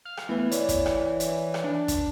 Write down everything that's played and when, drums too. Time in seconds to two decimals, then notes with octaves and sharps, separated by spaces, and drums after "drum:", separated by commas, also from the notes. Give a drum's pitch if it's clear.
0.05 F5
0.17 drum: rim click
0.29 E3 A3 B3 B4
0.52 C#5 D5, drum: hi-hat
0.69 drum: kick, hi-hat
0.86 drum: rim click
1.20 drum: hi-hat
1.54 drum: rim click
1.64 D4
1.88 drum: kick, hi-hat